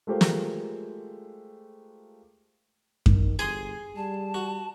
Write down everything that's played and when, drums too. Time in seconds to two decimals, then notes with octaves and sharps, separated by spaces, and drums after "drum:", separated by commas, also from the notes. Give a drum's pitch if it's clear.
0.07 G#3 A3 F4 G4 A#4 C5
0.21 drum: snare
3.06 D#3, drum: kick F#2
3.39 G1 G#4 G#5 C6 D#6
3.96 G3 A5
4.34 F#4